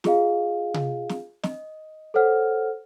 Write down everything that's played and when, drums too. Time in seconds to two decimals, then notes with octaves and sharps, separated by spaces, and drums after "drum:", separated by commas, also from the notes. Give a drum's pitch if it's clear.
0.04 F4 G#4 D#5 F5, drum: snare
0.74 drum: tom C3
1.09 drum: snare
1.43 D#5, drum: snare
2.14 A4 C5 C#5 F#5 F6